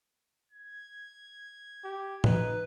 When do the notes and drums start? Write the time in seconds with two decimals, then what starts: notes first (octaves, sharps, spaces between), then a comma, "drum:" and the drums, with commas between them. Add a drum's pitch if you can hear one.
0.52 G#6
1.84 G4
2.24 D#4 B4, drum: tom A2